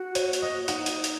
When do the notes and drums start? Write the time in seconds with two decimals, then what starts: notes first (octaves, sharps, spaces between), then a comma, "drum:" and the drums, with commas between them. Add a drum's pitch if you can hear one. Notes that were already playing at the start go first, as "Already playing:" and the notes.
Already playing: F#4
0.15 C#5, drum: hi-hat
0.33 drum: hi-hat
0.42 D#5
0.62 F#4
0.68 D#4 F#5, drum: hi-hat
0.86 drum: hi-hat
1.04 drum: hi-hat